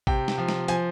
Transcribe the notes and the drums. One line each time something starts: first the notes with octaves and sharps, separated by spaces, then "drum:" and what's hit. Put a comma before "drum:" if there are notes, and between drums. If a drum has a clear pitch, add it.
C3 G5, drum: kick
drum: snare
F3
drum: snare
F3 G#5, drum: hi-hat